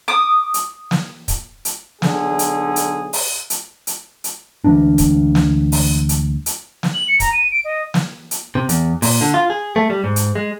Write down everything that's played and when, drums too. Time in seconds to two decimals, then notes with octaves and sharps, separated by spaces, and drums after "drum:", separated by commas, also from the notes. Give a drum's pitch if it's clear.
0.08 D6 D#6
0.54 drum: hi-hat
0.91 drum: snare
1.28 drum: kick, hi-hat
1.65 drum: hi-hat
2.02 B1 D3 G#4, drum: snare
2.39 drum: hi-hat
2.76 drum: hi-hat
3.13 drum: open hi-hat
3.50 drum: hi-hat
3.87 drum: hi-hat
4.24 drum: hi-hat
4.64 D2 E3 G#3 D4
4.98 drum: kick, hi-hat
5.35 drum: snare
5.72 drum: open hi-hat
6.09 drum: hi-hat
6.46 drum: hi-hat
6.83 drum: snare
6.94 F#7
7.08 C#7
7.20 A#5, drum: kick, hi-hat
7.32 D#7
7.52 D7
7.65 D#5
7.94 drum: snare
8.31 drum: hi-hat
8.55 C3
8.69 E2, drum: hi-hat
9.02 A#2, drum: open hi-hat
9.21 D3
9.34 F4
9.50 G#4
9.76 A3
9.90 G3
10.04 G#2
10.16 drum: hi-hat
10.35 G#3